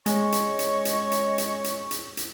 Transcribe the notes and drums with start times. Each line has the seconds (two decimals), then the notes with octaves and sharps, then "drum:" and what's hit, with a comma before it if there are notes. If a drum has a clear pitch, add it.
0.06 G#3 C#4 C#5 D#5 C#6, drum: hi-hat
0.32 drum: hi-hat
0.59 drum: hi-hat
0.85 drum: hi-hat
1.12 drum: hi-hat
1.38 drum: hi-hat
1.64 drum: hi-hat
1.91 drum: hi-hat
2.17 drum: hi-hat